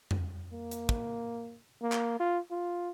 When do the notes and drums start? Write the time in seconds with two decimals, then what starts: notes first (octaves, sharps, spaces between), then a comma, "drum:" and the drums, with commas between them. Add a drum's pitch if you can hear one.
0.11 drum: tom F2
0.53 A#3
0.71 drum: hi-hat
0.89 drum: kick
1.82 A#3
1.92 drum: clap
2.20 F4
2.51 F4